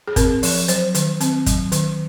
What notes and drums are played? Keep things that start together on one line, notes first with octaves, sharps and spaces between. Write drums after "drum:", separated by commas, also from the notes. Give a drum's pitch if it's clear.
G#4
C4 A#4, drum: kick G1, hi-hat
F3, drum: open hi-hat
F#3 C5, drum: hi-hat
D#3, drum: hi-hat
C4, drum: hi-hat
F#3, drum: kick G1, hi-hat
D#3, drum: hi-hat